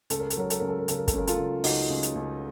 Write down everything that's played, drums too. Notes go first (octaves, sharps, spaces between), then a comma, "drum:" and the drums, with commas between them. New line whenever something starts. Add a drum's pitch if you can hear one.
C#2 A4, drum: hi-hat
A#4
A4, drum: hi-hat
F#3 A#4
A4, drum: hi-hat
C#2 A#4
A4
A#4
C#3 A4, drum: hi-hat
A#4
A4, drum: kick, hi-hat
C#2 A#4
F4 A4, drum: hi-hat
C#2
C#2 D#4 F#4, drum: open hi-hat
C#2
drum: hi-hat
C#2